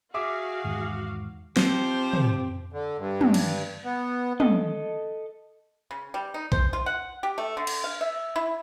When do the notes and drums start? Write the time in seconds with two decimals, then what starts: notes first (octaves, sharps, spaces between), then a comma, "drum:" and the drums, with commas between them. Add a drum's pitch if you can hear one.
0.14 F#4 G#4 E5 F5 D6
0.64 E2 G#2 D#3
1.57 F3 C4 G4 C5, drum: snare
2.13 drum: tom
2.73 D3
2.98 G2
3.21 drum: tom
3.34 drum: cymbal
3.85 B3
4.40 A4 D#5, drum: tom
5.91 C#3
6.14 G3
6.34 D#4
6.52 C5, drum: kick B1
6.73 F4
6.86 F#5
7.23 G4
7.38 A3
7.57 D3
7.67 drum: cymbal
7.84 F5
8.01 E5
8.36 E4